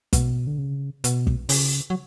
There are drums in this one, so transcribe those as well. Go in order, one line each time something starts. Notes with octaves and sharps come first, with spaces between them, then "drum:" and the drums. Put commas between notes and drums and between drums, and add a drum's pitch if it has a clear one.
B2, drum: kick, hi-hat
D3
C#3
B2, drum: hi-hat
drum: kick
C#3, drum: open hi-hat
F#3